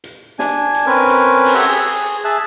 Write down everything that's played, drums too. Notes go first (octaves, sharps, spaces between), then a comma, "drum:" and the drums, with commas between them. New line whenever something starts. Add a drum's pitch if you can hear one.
drum: hi-hat
D4 G#5, drum: snare
drum: hi-hat
C4 C#4 A#4 B4 G#5
drum: hi-hat
drum: open hi-hat
G4 A4 C#5 E5 F#5 A#5
G#4
G#4 E5 A5 F#6